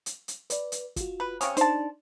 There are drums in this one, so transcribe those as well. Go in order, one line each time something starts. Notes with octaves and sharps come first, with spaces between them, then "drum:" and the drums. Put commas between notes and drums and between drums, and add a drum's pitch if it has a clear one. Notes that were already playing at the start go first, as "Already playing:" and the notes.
drum: hi-hat
drum: hi-hat
B4 D5, drum: hi-hat
drum: hi-hat
F4 F#4, drum: kick, hi-hat
B4
C3 C#4 F5 C#6 D#6, drum: hi-hat
D4 D#4 C5 D5 A5, drum: hi-hat